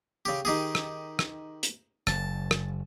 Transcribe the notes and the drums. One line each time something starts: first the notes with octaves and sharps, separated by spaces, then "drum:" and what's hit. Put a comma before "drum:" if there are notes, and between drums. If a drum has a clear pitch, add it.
C#3 G4
D#3 G4 G#4
drum: rim click
drum: rim click
drum: hi-hat
F#1 A5, drum: rim click
drum: rim click